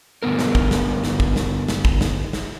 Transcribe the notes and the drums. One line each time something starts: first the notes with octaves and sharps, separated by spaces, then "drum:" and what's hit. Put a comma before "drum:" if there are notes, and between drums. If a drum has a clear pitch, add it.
G2 D3 B3 A#4
drum: snare
drum: kick
drum: snare
drum: snare
drum: kick
drum: snare
drum: snare
drum: kick
drum: snare
drum: snare